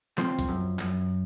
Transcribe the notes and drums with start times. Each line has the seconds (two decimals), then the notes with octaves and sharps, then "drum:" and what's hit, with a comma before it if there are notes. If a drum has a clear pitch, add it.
0.18 F3 C4 C5, drum: clap
0.39 drum: kick, hi-hat
0.48 F#2
0.79 F#2, drum: clap